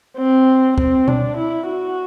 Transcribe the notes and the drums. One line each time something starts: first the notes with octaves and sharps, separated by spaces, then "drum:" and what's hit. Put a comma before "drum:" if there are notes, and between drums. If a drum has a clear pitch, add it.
C4
C4, drum: kick
D4, drum: tom B2
E4
F#4